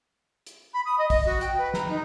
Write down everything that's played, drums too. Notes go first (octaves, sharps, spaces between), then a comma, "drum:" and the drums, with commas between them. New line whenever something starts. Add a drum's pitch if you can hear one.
drum: hi-hat
B5
D#6
D#5
D#5, drum: kick, open hi-hat
F#4
G5, drum: hi-hat
B4
A#5, drum: snare
D#4